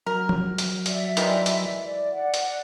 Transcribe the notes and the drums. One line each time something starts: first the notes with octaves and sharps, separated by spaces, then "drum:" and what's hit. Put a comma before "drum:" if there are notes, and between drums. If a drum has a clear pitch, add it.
F#3 A#4
drum: tom F3
drum: hi-hat
D5 E5, drum: hi-hat
D#3 E3 G#3, drum: hi-hat
drum: hi-hat
D5
D5 F#5
drum: hi-hat